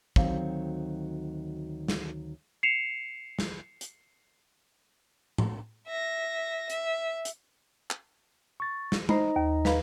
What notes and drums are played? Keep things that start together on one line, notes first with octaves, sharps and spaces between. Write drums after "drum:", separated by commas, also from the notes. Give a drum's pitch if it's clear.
D2 D#3 F#3 C4 F5, drum: kick
drum: snare
C7 C#7 E7 F7
drum: snare
drum: hi-hat
drum: tom A2
E5 A#6
E5, drum: hi-hat
drum: hi-hat
drum: clap
C#6 A6
drum: snare
D#4 C5 D#5 A#5 B5, drum: tom
D#2
B4 F5 B5, drum: snare